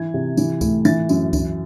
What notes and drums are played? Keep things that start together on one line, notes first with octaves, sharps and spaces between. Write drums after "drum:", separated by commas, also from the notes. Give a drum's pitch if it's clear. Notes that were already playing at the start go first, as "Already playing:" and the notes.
Already playing: E3 G#6
C3
E3, drum: tambourine
A2, drum: kick C#2, tambourine
E3 A6, drum: tambourine
F#2, drum: tambourine
E3, drum: kick C#2, tambourine